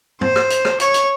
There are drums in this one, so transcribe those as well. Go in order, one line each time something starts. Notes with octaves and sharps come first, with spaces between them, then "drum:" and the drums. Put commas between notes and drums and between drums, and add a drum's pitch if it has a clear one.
C5, drum: tom
drum: rim click
drum: hi-hat
drum: rim click
C#5, drum: hi-hat
drum: hi-hat